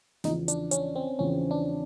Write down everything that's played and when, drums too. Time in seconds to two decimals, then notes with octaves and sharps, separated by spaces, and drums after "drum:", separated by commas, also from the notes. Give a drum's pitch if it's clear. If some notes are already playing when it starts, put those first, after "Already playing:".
0.24 E2 C#3 F3 D#4, drum: snare
0.48 D4, drum: hi-hat
0.71 C#4, drum: hi-hat
0.96 C4
1.19 E2 C#3 F3 C#4
1.51 D4